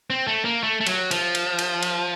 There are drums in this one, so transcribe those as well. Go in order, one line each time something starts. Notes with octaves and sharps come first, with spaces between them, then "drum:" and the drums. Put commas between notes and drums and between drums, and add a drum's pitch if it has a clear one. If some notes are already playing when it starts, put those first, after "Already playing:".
C4
A3
A#3
A3
A3
F#3, drum: cymbal
F3, drum: cymbal
drum: cymbal
drum: cymbal
drum: cymbal